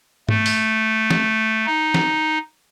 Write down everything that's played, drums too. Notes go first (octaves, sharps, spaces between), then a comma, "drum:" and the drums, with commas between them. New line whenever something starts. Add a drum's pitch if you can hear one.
A3, drum: tom G#2
drum: open hi-hat
drum: snare
D#4
drum: snare